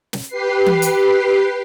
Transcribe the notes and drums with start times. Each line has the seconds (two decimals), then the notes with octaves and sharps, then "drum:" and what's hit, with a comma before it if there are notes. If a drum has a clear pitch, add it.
0.13 drum: snare
0.28 G4 B4 C7
0.66 drum: tom E3
0.82 drum: hi-hat